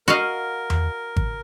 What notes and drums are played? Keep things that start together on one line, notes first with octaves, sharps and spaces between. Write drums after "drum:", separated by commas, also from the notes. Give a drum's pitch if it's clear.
F#4 A#4 D#5 F5
drum: tom E2
drum: kick G#1